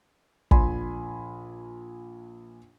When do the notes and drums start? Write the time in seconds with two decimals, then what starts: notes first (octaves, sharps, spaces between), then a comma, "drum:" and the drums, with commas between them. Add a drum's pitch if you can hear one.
0.51 A#1 G#5 B5 C6, drum: kick